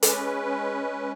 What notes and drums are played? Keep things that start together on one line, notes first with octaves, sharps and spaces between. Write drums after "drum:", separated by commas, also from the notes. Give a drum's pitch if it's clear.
G#3 C#4 B4, drum: hi-hat